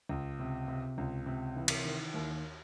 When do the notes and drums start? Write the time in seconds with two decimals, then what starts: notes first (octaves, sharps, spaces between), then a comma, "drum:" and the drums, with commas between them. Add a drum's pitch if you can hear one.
0.09 C#2
0.40 C3
0.68 C3
0.98 C#2
1.26 C3
1.56 E3
1.68 drum: cymbal
1.85 D#3
2.14 D#2